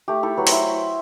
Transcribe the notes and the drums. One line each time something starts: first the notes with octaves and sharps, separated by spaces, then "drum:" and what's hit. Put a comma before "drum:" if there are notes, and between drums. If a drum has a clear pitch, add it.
A3 G4
E4 A4
F#3 B4
E4 C5, drum: open hi-hat